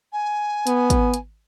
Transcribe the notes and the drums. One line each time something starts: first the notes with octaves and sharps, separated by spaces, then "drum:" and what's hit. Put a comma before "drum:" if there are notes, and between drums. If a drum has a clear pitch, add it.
G#5
B3, drum: hi-hat
drum: kick G#1, hi-hat
drum: hi-hat